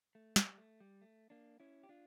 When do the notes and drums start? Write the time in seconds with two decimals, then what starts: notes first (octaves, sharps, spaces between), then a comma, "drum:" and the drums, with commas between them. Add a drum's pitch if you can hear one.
0.15 A3
0.36 G3, drum: snare
0.58 A3
0.80 G3
1.01 A3
1.30 A#3 D4
1.60 C#4 E4
1.83 G4
1.89 D4 F4